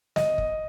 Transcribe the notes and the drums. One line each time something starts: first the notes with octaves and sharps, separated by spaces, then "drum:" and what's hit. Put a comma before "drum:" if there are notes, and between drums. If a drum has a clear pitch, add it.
D#5, drum: snare
drum: kick